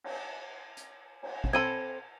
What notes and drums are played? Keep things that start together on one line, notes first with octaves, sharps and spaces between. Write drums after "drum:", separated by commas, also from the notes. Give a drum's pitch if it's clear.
drum: cymbal
drum: hi-hat
drum: cymbal
drum: kick
C4 A4 B5 G#6 D#7